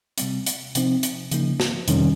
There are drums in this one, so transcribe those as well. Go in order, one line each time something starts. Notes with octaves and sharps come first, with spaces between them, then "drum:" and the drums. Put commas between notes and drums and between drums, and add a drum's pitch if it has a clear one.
C3 G3 C4, drum: hi-hat
drum: hi-hat
C3 F3 C4 D#4, drum: hi-hat
drum: hi-hat
C#3 F3 A#3 D#4, drum: hi-hat
drum: snare
F2 C3 D#3 G3 C#4, drum: hi-hat